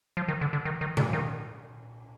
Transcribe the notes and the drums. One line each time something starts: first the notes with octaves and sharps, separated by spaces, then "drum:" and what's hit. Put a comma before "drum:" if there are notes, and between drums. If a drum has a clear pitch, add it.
F3
D#3
D3
D3
D#3
D#3
D3, drum: tom A#2
D#3